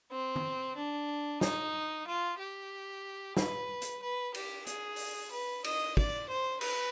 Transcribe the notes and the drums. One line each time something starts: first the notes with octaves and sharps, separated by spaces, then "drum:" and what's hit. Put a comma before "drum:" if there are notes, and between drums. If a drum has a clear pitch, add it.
C4
drum: tom
D4
D#4, drum: snare
F4
G4
B4, drum: snare
drum: hi-hat
B4
G4, drum: cymbal
G#4, drum: hi-hat
drum: open hi-hat
B4
D#5, drum: cymbal
D5, drum: kick
C5
B4, drum: cymbal